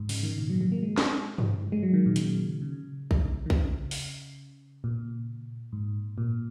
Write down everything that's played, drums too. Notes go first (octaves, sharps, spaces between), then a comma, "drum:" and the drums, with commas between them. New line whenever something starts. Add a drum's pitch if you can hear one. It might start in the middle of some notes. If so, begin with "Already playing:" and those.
Already playing: G#2
C#3, drum: open hi-hat
D#3
A#2
F#3
F#3
A#3
G#3
drum: snare
drum: tom G2
G#3
F#3
D#3
A#2
C#3, drum: hi-hat
C#3
drum: kick A#1
D#3
C#3, drum: kick A#1
drum: open hi-hat
A#2
G#2
A#2